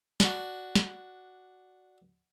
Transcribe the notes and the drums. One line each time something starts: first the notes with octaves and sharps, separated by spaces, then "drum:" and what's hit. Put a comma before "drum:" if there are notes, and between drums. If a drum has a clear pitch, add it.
D4 F#4, drum: snare
drum: snare